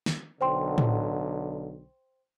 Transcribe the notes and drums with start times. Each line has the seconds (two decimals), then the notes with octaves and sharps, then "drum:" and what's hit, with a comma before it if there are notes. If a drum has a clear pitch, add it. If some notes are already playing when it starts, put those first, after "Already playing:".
0.06 drum: snare
0.41 B1 D3 C5 G5 C6
0.78 drum: tom A2